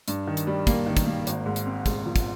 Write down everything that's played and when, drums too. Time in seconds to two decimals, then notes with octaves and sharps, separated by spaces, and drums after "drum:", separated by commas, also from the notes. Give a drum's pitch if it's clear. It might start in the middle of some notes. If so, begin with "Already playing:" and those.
0.08 G2, drum: hi-hat
0.27 D#3
0.37 drum: hi-hat
0.47 G3
0.67 A#3, drum: kick, hi-hat
0.86 D#3
0.97 drum: kick, hi-hat
1.07 A#3
1.27 G#1, drum: hi-hat
1.46 G#2
1.56 drum: hi-hat
1.66 C4
1.86 G#2, drum: kick, hi-hat
2.06 F3
2.16 drum: kick, hi-hat